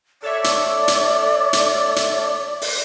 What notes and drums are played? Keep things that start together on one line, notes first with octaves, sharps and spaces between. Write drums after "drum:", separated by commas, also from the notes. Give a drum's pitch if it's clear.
A4 C#5 D5 E5
drum: hi-hat
drum: hi-hat
drum: hi-hat
drum: hi-hat
drum: open hi-hat